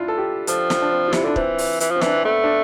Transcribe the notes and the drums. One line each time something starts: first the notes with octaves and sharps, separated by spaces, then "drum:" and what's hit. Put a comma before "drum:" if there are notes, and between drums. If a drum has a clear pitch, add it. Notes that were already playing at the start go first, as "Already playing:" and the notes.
Already playing: D4 E4 F4
A4
G4
F3 A4, drum: hi-hat
drum: snare
D4
C4
F4
C3 E4, drum: snare
D3 D4
E3 C4, drum: kick
drum: open hi-hat
E3, drum: hi-hat
F3 C4
E3 D4, drum: snare
C4
A3 B3
D4